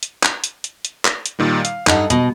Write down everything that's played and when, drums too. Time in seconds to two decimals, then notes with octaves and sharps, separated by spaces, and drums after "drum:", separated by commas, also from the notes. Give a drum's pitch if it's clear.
0.03 drum: hi-hat
0.23 drum: clap
0.44 drum: hi-hat
0.64 drum: hi-hat
0.85 drum: hi-hat
1.05 drum: clap
1.26 drum: hi-hat
1.39 A#2 D#3 G3
1.65 F5, drum: hi-hat
1.87 G2 D#4 A4 F#5, drum: clap
2.10 B2 D#5, drum: hi-hat